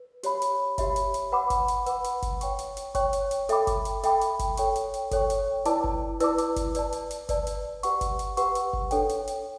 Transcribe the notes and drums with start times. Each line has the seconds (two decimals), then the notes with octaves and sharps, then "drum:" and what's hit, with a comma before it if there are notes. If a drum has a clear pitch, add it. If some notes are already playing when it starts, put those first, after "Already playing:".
Already playing: B4
0.23 G4 C#5 E5 B5, drum: hi-hat
0.42 drum: hi-hat
0.78 G4 C#5 E5 B5, drum: kick F#1, hi-hat
0.96 drum: hi-hat
1.14 drum: hi-hat
1.32 B4 F#5 B5 D6
1.50 drum: kick F#1, hi-hat
1.68 drum: hi-hat
1.86 B4 F#5 B5 D6, drum: hi-hat
2.04 drum: hi-hat
2.22 drum: kick F#1, hi-hat
2.41 C#5 G5 C#6, drum: hi-hat
2.59 drum: hi-hat
2.77 drum: hi-hat
2.95 C#5 G5 C#6, drum: kick F#1, hi-hat
3.13 drum: hi-hat
3.31 drum: hi-hat
3.49 A4 E5 G5 B5 D6, drum: hi-hat
3.67 drum: kick F#1, hi-hat
3.85 drum: hi-hat
4.03 A4 E5 G5 B5 D6, drum: hi-hat
4.21 drum: hi-hat
4.39 drum: kick F#1, hi-hat
4.57 A4 C#5 G5 C#6, drum: hi-hat
4.76 drum: hi-hat
4.94 drum: hi-hat
5.11 A4 C#5 G5 C#6, drum: kick F#1, hi-hat
5.30 drum: hi-hat
5.65 E4 B4 D5 A5 D6, drum: hi-hat
5.84 drum: kick F#1
6.20 E4 B4 D5 A5 D6, drum: hi-hat
6.38 drum: hi-hat
6.56 drum: kick F#1, hi-hat
6.75 B4 D5 A5, drum: hi-hat
6.92 drum: hi-hat
7.11 drum: hi-hat
7.29 B4 D5 A5, drum: kick F#1, hi-hat
7.47 drum: hi-hat
7.83 G4 B4 F#5 C#6, drum: hi-hat
8.01 drum: kick F#1, hi-hat
8.19 drum: hi-hat
8.37 G4 B4 F#5 C#6, drum: hi-hat
8.55 drum: hi-hat
8.73 drum: kick F#1
8.91 D4 A4 C#5 G5, drum: hi-hat
9.09 drum: hi-hat
9.27 drum: hi-hat